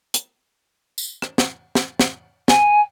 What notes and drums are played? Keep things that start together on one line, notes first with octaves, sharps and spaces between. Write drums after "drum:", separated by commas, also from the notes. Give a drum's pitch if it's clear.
drum: hi-hat
drum: tambourine
drum: rim click
drum: snare
drum: snare
drum: snare
G#5, drum: snare